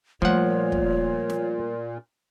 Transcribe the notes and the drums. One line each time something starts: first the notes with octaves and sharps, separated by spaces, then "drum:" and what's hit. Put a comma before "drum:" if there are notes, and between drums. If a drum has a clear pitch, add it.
A#2 F3 G3 A3 C#5 F#5
drum: kick
drum: snare